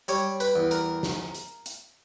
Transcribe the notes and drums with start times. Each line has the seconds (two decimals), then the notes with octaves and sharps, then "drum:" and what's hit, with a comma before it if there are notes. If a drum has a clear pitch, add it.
0.08 G3 C#5, drum: hi-hat
0.40 B4, drum: hi-hat
0.56 E2
0.71 A#4, drum: hi-hat
1.03 drum: snare
1.34 drum: hi-hat
1.66 drum: hi-hat